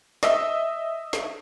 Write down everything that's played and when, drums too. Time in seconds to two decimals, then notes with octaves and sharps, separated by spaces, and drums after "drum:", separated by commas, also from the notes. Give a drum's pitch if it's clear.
0.23 D#5 E5, drum: snare
1.13 drum: snare